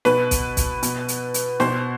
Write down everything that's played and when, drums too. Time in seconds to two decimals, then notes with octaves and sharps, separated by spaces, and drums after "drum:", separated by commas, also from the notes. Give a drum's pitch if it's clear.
0.05 B2 B4, drum: snare
0.31 drum: kick, hi-hat
0.57 drum: kick, hi-hat
0.83 B2, drum: hi-hat
1.08 drum: hi-hat
1.34 drum: hi-hat
1.60 B2 C5, drum: snare